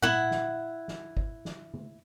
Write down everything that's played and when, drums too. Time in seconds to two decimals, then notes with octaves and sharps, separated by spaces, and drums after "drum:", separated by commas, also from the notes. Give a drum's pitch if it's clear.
0.02 E4 F#5, drum: tom A#2
0.31 drum: snare
0.88 drum: snare
1.17 drum: kick
1.45 drum: snare
1.74 drum: tom C#3